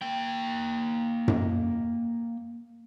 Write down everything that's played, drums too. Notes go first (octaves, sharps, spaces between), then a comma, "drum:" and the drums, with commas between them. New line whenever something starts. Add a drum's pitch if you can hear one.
A#3 G5
drum: tom F#2